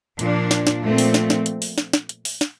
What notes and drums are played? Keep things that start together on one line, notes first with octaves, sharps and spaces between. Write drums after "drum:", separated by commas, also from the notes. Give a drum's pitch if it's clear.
A#2 F3 A#3 D4, drum: hi-hat
drum: snare
drum: snare
A#2 F3 A3 C4
drum: open hi-hat
drum: snare
drum: snare
drum: hi-hat
drum: open hi-hat
drum: snare
drum: snare
drum: hi-hat
drum: open hi-hat
drum: snare